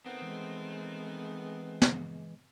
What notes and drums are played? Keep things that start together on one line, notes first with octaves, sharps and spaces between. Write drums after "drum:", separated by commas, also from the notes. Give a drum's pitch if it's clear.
D#3 A3 B3 C4
E3 G#3
drum: snare